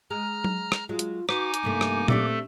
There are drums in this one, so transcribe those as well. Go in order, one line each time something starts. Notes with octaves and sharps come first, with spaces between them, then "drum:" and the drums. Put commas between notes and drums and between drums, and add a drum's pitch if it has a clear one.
G#3 A#5 F6
drum: tom F#3
drum: rim click
F#3 G#3 F4
drum: hi-hat
D#4 F#4 B4 G#5 D6, drum: rim click
drum: hi-hat
G2 C3 A3 A#3
drum: rim click
A3 C4 D4 G4 A4, drum: tom A#2